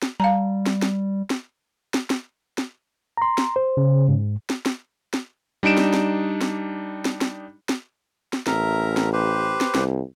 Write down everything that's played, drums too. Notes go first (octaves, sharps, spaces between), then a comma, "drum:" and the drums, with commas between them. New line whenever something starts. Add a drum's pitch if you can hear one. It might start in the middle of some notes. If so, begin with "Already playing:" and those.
drum: snare
G3 F5 A5 A#5
drum: snare
drum: snare
drum: snare
drum: snare
drum: snare
drum: snare
A#5 C6
drum: snare
C5
C#3
G#2
drum: snare
drum: snare
drum: snare
G3 D4 D#4 D7 E7
drum: snare
drum: snare
drum: snare
drum: snare
drum: snare
drum: snare
drum: snare
A1 A#4 E5 A#5, drum: snare
drum: snare
G4 B4 C5
drum: snare
C2, drum: snare